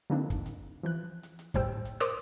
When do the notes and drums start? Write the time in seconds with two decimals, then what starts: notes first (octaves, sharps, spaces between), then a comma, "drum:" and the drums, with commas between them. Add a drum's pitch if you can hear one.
0.10 D3 F3 A#3 C4 D4 D#4
0.30 drum: kick, hi-hat
0.46 drum: hi-hat
0.83 E3 F3 F#6
1.23 drum: hi-hat
1.39 drum: hi-hat
1.54 B1 A2 G3 C5 G5 E6, drum: kick, hi-hat
1.85 drum: hi-hat
2.00 A#4 C5 C6 D6 D#6, drum: rim click